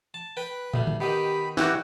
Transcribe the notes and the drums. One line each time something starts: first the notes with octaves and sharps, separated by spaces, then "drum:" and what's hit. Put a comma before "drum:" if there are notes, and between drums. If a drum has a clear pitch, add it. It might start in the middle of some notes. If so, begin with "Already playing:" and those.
A5
B4 G5
D2 G3, drum: tom
drum: tom D3
B2 D#3 G4 B5
E3 F#4 G4 F#5 G5, drum: snare